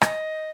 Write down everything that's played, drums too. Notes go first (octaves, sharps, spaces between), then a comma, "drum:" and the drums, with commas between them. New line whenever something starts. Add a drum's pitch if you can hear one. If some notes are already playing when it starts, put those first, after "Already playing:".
D#5, drum: rim click